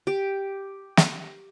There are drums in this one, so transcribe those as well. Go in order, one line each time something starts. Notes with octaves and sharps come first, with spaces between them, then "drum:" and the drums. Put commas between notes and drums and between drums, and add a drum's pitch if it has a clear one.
G4
drum: snare